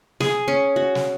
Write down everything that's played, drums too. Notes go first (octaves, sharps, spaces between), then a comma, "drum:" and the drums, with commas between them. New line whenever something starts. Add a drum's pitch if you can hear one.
G#4, drum: snare
C#4
F#4
drum: snare